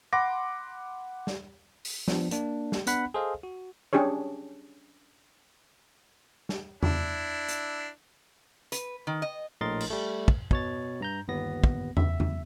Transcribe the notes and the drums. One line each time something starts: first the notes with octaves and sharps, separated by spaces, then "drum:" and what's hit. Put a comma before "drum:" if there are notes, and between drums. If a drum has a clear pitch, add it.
F#5 B5 C6 D6 A#6
drum: snare
drum: open hi-hat
F3 B3 D4, drum: snare
A#3 D4, drum: hi-hat
drum: snare
B3 D4 F#5 B5, drum: hi-hat
G#4 A4 C5 D#5 F5
F#4
C#4 D4 G4 G#4 C#5
drum: snare
D4 E4, drum: tom E2
drum: hi-hat
B4, drum: hi-hat
D#3
D#5
A#1 A2 A#4 D#5 C6 A6
drum: cymbal
G3 A3
drum: kick
B2 C#5 A6, drum: kick
G2 A#5 G6
G1 D#2 B3 A#6
drum: kick
E5, drum: tom E2
drum: tom E2